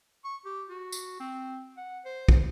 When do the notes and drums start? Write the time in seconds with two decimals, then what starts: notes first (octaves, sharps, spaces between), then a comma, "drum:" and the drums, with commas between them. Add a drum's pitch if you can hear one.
0.24 C#6
0.45 G4
0.69 F#4
0.92 drum: tambourine
1.20 C4
1.77 F#5
2.05 C5
2.29 drum: kick